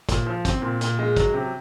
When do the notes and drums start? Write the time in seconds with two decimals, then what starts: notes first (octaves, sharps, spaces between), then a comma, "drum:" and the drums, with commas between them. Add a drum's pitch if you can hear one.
0.09 A#2, drum: kick, hi-hat
0.27 F3
0.45 C4, drum: kick, hi-hat
0.62 A#2
0.81 A#2, drum: hi-hat
0.99 G#3
1.17 F#3, drum: kick, hi-hat
1.34 C3